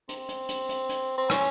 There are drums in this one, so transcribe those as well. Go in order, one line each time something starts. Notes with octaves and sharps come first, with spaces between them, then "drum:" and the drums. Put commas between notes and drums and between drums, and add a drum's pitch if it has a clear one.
C4, drum: hi-hat
drum: hi-hat
drum: hi-hat
drum: hi-hat
drum: hi-hat
C4
C#4, drum: rim click